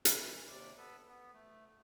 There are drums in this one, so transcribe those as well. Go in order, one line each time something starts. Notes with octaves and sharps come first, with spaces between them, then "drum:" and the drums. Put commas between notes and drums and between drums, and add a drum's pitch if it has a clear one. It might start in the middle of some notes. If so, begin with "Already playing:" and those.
D2 B4 G#5, drum: hi-hat
D#2 C3 D5
B3 A4 B4
B3
A3